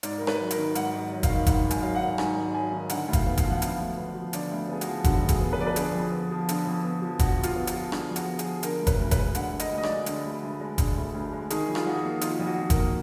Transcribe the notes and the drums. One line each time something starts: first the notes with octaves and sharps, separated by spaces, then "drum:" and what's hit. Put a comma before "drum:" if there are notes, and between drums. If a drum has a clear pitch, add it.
G#2 D5, drum: hi-hat
G#1 A#4
B4, drum: rim click
F#3
A#4, drum: hi-hat
D#3
G#2 F#5, drum: hi-hat
G#1
F#3
F5, drum: kick F#1, hi-hat
D#3
G#2 F#5, drum: kick F#1, hi-hat
G#1
G#5, drum: hi-hat
F#3 F5
F#5
D#3
G#2 G#5, drum: rim click
G#1
F#3 G#5
D#3
D3 F#5, drum: hi-hat
D2
F5, drum: kick F#1, hi-hat
B3
F5, drum: kick F#1, hi-hat
F3
F#5
D3 F5, drum: hi-hat
D2
B3
F3
D3 D5, drum: hi-hat
D2
B3 G#4
F#4, drum: hi-hat
F3
D3 F#4, drum: kick F#1, hi-hat
D2
G#4, drum: kick F#1, hi-hat
B3
B4
F3 D5
B4
D3 G#4, drum: hi-hat
F2
B3
F3
D3, drum: hi-hat
F2
B3
F3
D3 F#4, drum: kick F#1, hi-hat
F2
F4, drum: hi-hat
B3
F#4, drum: hi-hat
F3
D3 G#4, drum: rim click
F2
F#4, drum: hi-hat
B3
G#4, drum: hi-hat
F3
D3 A#4, drum: hi-hat
D2
B4, drum: kick F#1, hi-hat
D2
B4, drum: kick F#1, hi-hat
G#3
D3 F#5, drum: hi-hat
D2
D#5, drum: hi-hat
D2
D#5
D5, drum: rim click
G#3
D3, drum: hi-hat
D2
D2
G#3
D3, drum: kick F#1, hi-hat
D2
D2
G#3
D#3 G#4, drum: hi-hat
F2
F4, drum: rim click
F2 F#4
A#3
D#3 F4, drum: hi-hat
F2
F#4
F2
A#4, drum: kick F#1, hi-hat
A#3